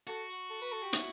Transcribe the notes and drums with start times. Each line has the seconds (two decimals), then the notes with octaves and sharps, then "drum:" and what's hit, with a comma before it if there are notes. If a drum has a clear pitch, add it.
0.07 F#4 A4
0.50 A4
0.61 B4
0.72 A4
0.83 G4
0.93 E4, drum: hi-hat